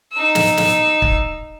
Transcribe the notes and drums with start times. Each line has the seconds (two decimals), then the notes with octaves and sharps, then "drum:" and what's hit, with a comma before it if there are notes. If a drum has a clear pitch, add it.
0.13 D#4 E6
0.35 drum: snare
0.57 drum: snare
1.02 drum: kick